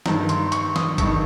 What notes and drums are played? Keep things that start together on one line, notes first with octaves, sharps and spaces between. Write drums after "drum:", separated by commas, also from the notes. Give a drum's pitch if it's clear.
G2 D#3 A#5, drum: snare
C6, drum: hi-hat
C#6, drum: hi-hat
D#6, drum: snare
G2 D#3 C#6, drum: kick, hi-hat